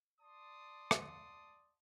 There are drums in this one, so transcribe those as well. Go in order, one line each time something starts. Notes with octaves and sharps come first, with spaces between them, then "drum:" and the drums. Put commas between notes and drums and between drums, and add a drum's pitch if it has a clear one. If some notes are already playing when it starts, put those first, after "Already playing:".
D5 A5 C6 D#6
drum: rim click